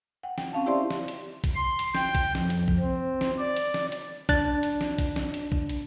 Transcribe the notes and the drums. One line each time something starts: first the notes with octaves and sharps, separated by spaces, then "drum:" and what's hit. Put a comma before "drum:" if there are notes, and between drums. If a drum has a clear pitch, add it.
F#5 G5
G5, drum: snare
C4 C#4 F5 A5
E4 G4 C5 D5 E5 C6
drum: snare
drum: hi-hat
drum: kick A#1, hi-hat
C6
drum: hi-hat
G5, drum: snare
drum: kick A#1, hi-hat
F2, drum: snare
drum: hi-hat
drum: kick A#1
C4
drum: snare
D5
drum: hi-hat
drum: snare
drum: hi-hat
D4 F#6 A6, drum: kick A#1, hi-hat
drum: hi-hat
drum: snare
drum: kick A#1, hi-hat
drum: snare
drum: hi-hat
drum: kick A#1
drum: hi-hat